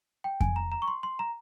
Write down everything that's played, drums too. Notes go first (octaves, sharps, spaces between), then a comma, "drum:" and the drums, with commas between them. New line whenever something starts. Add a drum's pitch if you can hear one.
G5
G#5, drum: kick F2
A#5
A#5
C#6
C6
C6
A#5